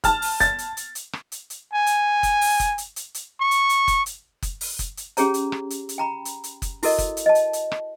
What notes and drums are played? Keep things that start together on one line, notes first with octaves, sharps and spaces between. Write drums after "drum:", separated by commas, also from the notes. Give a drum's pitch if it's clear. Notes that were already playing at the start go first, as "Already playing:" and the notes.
A5 F6, drum: kick F#1, hi-hat
drum: open hi-hat
A6, drum: kick F#1, hi-hat
drum: hi-hat
drum: hi-hat
drum: hi-hat
drum: rim click
drum: hi-hat
drum: hi-hat
G#5
drum: hi-hat
drum: kick F#1, hi-hat
drum: open hi-hat
drum: kick F#1, hi-hat
drum: hi-hat
drum: hi-hat
drum: hi-hat
C#6
drum: hi-hat
drum: hi-hat
drum: kick F#1, hi-hat
drum: hi-hat
drum: kick F#1, hi-hat
drum: open hi-hat
drum: kick F#1, hi-hat
drum: hi-hat
C#4 G4 G#4 C#5 A#5, drum: hi-hat
drum: hi-hat
drum: rim click
drum: hi-hat
drum: hi-hat
G5 A#5 B5
drum: hi-hat
drum: hi-hat
drum: kick F#1, hi-hat
E4 F#4 A4 A#4 D#5, drum: open hi-hat
drum: kick F#1, hi-hat
drum: hi-hat
D#5 A5
drum: hi-hat
drum: hi-hat
drum: rim click